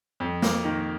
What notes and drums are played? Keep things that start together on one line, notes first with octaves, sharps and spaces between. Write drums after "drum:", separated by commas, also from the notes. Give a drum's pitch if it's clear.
F2
A#3, drum: snare
D#3